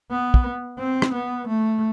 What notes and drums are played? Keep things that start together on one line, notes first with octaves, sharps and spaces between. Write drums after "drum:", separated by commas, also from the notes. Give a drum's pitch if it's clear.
B3
drum: kick
C4
drum: rim click
B3
A3